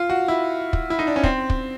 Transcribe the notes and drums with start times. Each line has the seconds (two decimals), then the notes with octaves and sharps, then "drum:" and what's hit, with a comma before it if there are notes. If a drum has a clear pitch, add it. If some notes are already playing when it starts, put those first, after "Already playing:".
Already playing: F4
0.10 F#4
0.28 E4
0.73 drum: kick
0.90 E4
0.99 D#4
1.07 D4
1.16 C#4
1.23 C4, drum: kick
1.50 drum: kick